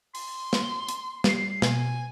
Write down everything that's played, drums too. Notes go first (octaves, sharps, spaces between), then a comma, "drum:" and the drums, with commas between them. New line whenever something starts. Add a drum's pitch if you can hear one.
C6, drum: open hi-hat
drum: snare
drum: hi-hat
G3 C7, drum: snare
B2 G#5, drum: snare